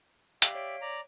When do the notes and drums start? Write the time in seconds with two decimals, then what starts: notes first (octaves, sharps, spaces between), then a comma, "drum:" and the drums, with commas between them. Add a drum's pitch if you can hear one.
0.42 G4 D5 E5 F5, drum: hi-hat
0.55 C#5 B6 D7
0.81 D5 A#5